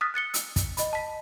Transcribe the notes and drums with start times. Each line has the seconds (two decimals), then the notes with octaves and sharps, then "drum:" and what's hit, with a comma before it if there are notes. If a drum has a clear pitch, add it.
0.01 D#6 F6 F#6 A6 B6
0.14 F#6 A6 C#7 G7
0.34 E6, drum: hi-hat
0.56 drum: kick, hi-hat
0.77 D#5 B5, drum: hi-hat
0.93 A5 B6